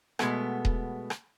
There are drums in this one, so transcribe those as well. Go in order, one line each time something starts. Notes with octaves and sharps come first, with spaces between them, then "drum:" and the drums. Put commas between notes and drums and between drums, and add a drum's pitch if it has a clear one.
B2 G#3 A3 B3, drum: rim click
drum: kick D#1
drum: rim click